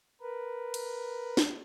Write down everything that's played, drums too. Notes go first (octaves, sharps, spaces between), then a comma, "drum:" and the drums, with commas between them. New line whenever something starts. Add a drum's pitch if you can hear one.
A#4 B4
drum: cymbal
drum: snare